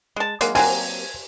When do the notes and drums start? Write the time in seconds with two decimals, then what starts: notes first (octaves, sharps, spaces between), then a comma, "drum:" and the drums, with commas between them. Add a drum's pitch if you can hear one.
0.16 G#3 A5
0.41 F#3 G#3 A#3, drum: hi-hat
0.55 F#3 A#3 C4 G#5, drum: open hi-hat